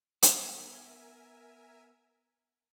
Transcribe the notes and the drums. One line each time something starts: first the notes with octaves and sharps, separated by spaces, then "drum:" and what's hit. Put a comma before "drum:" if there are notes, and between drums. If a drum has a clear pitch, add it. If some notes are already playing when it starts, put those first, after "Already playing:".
B3 A#4 E5 G#5, drum: hi-hat